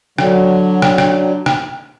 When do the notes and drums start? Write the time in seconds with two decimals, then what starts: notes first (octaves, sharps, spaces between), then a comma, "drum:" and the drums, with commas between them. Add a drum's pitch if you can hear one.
0.18 D3 F#3, drum: rim click
0.82 drum: rim click
0.98 drum: rim click
1.46 drum: rim click